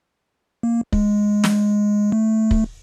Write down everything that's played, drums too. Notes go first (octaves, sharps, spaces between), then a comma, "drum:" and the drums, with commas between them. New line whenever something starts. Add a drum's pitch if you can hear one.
A#3
G#3, drum: kick
drum: snare
A3
drum: kick